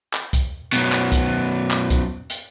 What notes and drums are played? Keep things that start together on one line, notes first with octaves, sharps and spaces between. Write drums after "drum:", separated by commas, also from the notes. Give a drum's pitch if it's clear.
drum: clap
drum: kick C2, hi-hat
F#2 B2, drum: hi-hat
drum: clap
drum: kick C2, hi-hat
drum: clap
drum: kick C2, hi-hat
drum: hi-hat